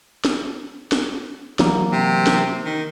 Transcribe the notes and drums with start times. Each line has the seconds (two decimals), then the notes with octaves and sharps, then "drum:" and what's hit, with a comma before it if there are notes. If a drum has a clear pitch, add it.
0.25 drum: snare
0.92 drum: snare
1.59 E3 F#3 A#3, drum: snare
1.92 C3
2.27 drum: snare
2.65 D#3